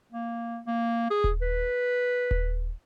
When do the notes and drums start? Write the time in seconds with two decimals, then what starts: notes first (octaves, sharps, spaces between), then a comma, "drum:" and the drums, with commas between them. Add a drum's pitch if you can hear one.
0.12 A#3
0.67 A#3
1.10 G#4
1.24 drum: kick D#1
1.42 B4
2.31 drum: kick D#1